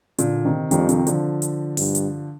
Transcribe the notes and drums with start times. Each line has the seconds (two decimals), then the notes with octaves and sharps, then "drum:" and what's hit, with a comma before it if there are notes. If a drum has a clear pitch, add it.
0.18 A#2 D3, drum: hi-hat
0.45 C3 D#3
0.71 F2 D#3 G3, drum: hi-hat
0.89 C3 D#3, drum: hi-hat
1.07 D3 F3, drum: hi-hat
1.42 drum: hi-hat
1.77 G2, drum: open hi-hat
1.95 drum: hi-hat